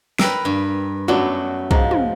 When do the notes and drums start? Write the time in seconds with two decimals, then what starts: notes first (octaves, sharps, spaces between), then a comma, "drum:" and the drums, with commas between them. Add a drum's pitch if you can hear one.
0.19 A#4 B4 G5 E6, drum: snare
0.45 G2
1.08 F#2 A3 B3 D4 F#4
1.71 G#2 F3, drum: kick B1
1.91 drum: tom